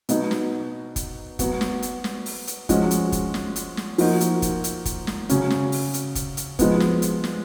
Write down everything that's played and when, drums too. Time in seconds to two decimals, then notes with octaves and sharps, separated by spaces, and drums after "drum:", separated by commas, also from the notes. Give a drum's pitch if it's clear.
0.09 B2 F#3 B3 D#4, drum: hi-hat
0.31 drum: snare
0.96 drum: kick, hi-hat
1.39 F#3 B3 F#4, drum: kick, hi-hat
1.61 drum: snare
1.82 drum: hi-hat
2.04 drum: snare
2.26 drum: open hi-hat
2.47 drum: hi-hat
2.69 F3 G#3 C#4 F#4, drum: kick, hi-hat
2.91 drum: hi-hat
3.12 drum: kick, hi-hat
3.34 drum: snare
3.56 drum: hi-hat
3.77 drum: snare
3.98 F3 A#3 D#4 F#4, drum: open hi-hat
4.21 drum: hi-hat
4.42 drum: kick, hi-hat
4.64 drum: hi-hat
4.86 drum: kick, hi-hat
5.07 drum: snare
5.29 C#3 F#3 C#4, drum: hi-hat
5.50 drum: snare
5.72 drum: open hi-hat
5.94 drum: hi-hat
6.15 drum: kick, hi-hat
6.37 drum: hi-hat
6.59 F3 G#3 B3, drum: kick, hi-hat
6.80 drum: snare
7.02 drum: hi-hat
7.24 drum: snare